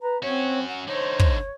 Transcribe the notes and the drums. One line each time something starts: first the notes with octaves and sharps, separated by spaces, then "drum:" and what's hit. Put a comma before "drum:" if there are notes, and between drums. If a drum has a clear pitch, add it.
B4 A#5
C4 C#4 F#4 C#5
F#5
D3 D#4 C5 C#5
drum: kick